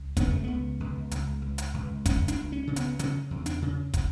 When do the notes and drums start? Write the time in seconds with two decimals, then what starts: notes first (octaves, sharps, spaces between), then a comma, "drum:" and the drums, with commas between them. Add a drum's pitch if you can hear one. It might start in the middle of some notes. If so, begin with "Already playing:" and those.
Already playing: C#2
0.17 C#3 B3, drum: kick, hi-hat
0.31 A3
0.44 C#2 B3
0.80 C#2
1.11 C#2, drum: hi-hat
1.42 C#2
1.58 drum: hi-hat
1.74 C#2
2.06 C#2 C#4, drum: kick, hi-hat
2.28 D4, drum: hi-hat
2.36 C#2
2.52 C#4
2.67 C#3
2.76 B3, drum: hi-hat
2.99 C#3 C#4, drum: hi-hat
3.31 E2
3.46 D4, drum: hi-hat
3.62 C#3
3.94 drum: kick, hi-hat